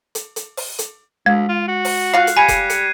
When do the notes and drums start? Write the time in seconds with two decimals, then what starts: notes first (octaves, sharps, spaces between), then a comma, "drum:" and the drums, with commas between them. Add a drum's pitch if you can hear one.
0.15 drum: hi-hat
0.36 drum: hi-hat
0.57 drum: open hi-hat
0.79 drum: hi-hat
1.26 D2 G#3
1.48 F4
1.68 F#4
1.85 drum: open hi-hat
2.14 F4 F5 F#6 C7
2.27 drum: hi-hat
2.37 G3 G#5 B5 G#6 C#7 D#7
2.48 drum: kick F1, hi-hat
2.70 C#7, drum: hi-hat